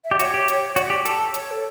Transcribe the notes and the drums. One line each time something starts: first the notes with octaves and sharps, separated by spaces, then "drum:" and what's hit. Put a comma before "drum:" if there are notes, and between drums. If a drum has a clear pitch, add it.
E5
G4 D5
F#4 C#5, drum: hi-hat
G4
drum: hi-hat
C#5
F#4 D5, drum: hi-hat
G4
A4, drum: hi-hat
C#5, drum: hi-hat
A4